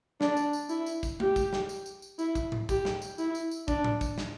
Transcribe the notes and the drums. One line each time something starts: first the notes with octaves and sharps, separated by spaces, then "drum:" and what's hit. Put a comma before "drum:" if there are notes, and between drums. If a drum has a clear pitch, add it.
D4, drum: snare
drum: tambourine
drum: tambourine
E4, drum: tambourine
drum: tambourine
drum: kick, tambourine
G4, drum: tom G#3
drum: kick, tambourine
drum: snare
drum: tambourine
drum: tambourine
drum: tambourine
E4, drum: tambourine
drum: kick, tambourine
drum: tom A2
G4, drum: kick, tambourine
drum: snare
drum: tambourine
E4, drum: tambourine
drum: tambourine
drum: tambourine
D4, drum: kick, tambourine
drum: tom A2
drum: kick, tambourine
drum: snare